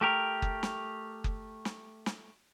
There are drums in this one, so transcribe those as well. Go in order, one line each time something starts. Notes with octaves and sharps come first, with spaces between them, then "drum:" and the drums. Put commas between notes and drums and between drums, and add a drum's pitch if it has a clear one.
A3 G4 A#4
drum: kick F#1
drum: snare
drum: kick F#1
drum: snare
drum: snare